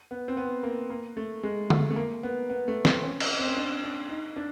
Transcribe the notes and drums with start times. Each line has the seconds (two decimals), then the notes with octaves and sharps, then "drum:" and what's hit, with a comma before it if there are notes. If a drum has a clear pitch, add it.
0.11 B3
0.28 C4
0.37 B3
0.63 A#3
0.90 A#3
1.17 A3
1.43 G#3
1.70 A3, drum: tom D3
1.91 A3
1.96 A#3
2.23 B3
2.50 B3
2.68 A3
2.85 C4, drum: snare
3.03 C#4
3.20 drum: cymbal
3.39 C4
3.47 C#4
3.56 D4
3.83 D4
4.09 D#4
4.36 D4